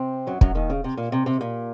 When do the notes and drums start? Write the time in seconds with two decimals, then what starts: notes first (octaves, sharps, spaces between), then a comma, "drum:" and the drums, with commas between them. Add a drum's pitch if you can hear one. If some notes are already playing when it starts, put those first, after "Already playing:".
Already playing: C3 C4
0.27 F#2 F#3
0.41 F#2 F#3, drum: kick
0.55 D#2 D#3
0.70 C#3
0.84 C3
0.97 A#2
1.12 C3
1.26 C3
1.41 A#2